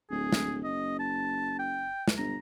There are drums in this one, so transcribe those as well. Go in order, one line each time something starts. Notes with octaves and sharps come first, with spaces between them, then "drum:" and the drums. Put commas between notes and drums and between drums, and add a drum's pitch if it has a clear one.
D1 G#4
drum: snare
F#1 D#5
A5
G5
drum: snare
G1 A#5